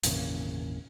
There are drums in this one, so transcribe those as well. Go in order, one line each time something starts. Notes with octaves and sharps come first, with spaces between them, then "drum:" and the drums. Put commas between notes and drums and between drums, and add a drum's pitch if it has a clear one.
G#1 E2 A#2 C#3, drum: hi-hat